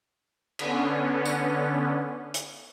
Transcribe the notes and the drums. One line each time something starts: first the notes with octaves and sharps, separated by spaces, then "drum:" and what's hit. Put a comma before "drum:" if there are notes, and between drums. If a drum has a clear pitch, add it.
D3 B3 C#4, drum: cymbal
drum: tambourine
drum: hi-hat